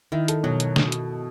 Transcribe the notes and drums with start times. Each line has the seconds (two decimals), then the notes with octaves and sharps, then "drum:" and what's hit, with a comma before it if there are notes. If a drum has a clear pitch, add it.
0.12 D#3 E4
0.28 A4, drum: hi-hat
0.43 B2 F#3
0.60 drum: hi-hat
0.76 drum: snare
0.92 drum: hi-hat